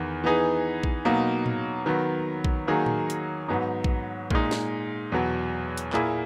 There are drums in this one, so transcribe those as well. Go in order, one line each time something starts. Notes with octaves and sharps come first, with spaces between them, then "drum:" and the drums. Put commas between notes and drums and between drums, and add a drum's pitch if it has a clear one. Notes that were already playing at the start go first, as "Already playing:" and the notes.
Already playing: E2 D#3
E3 B3 D#4 G#4
drum: kick A#1
B2 F#3 A#3 D#4 F#4
drum: tom A2
D#3 F#3 B3
drum: kick A#1
D#3 F#3 A#3 D#4 G#4
drum: tom A2
drum: hi-hat
G#2 F#3 B3 D#4
drum: kick A#1
A#2 G#3 D#4, drum: kick A#1
drum: snare
E2 B2 F#3
drum: hi-hat
A#2 A#3 E4 G#4, drum: clap